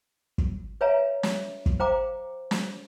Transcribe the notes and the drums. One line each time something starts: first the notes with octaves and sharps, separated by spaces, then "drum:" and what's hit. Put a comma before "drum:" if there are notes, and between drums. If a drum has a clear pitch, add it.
drum: kick
B4 C#5 E5 F5 G#5 A#5
drum: snare
drum: kick
C5 F5 G5 A#5 D6
drum: snare